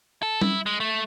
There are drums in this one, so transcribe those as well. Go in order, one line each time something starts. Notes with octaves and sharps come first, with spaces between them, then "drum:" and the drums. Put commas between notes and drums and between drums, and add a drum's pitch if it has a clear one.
A4
E4, drum: tom G3
G#3
A3